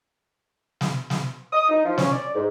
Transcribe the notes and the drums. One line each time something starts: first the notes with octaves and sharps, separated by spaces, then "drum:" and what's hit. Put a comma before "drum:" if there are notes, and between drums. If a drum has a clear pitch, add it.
drum: snare
drum: snare
D#6
D#4
F3
C#4, drum: snare
D5
G#2